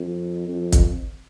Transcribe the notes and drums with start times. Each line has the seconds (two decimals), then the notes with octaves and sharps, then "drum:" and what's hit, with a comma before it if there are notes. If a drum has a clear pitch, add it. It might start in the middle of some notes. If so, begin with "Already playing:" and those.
Already playing: F2
0.49 F2
0.72 drum: kick, hi-hat